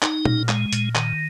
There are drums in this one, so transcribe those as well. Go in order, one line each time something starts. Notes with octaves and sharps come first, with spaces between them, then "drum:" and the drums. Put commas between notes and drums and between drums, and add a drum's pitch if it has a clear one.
D#4, drum: clap
A#2, drum: tom
G#3, drum: clap
A#2, drum: hi-hat
D#3, drum: clap